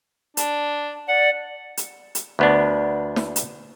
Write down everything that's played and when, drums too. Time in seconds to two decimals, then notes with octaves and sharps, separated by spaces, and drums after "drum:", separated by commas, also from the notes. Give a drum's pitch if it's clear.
0.37 D4, drum: hi-hat
1.08 D5 F#5
1.77 drum: hi-hat
2.15 drum: hi-hat
2.39 D2 B3 D4
3.16 drum: snare
3.36 drum: hi-hat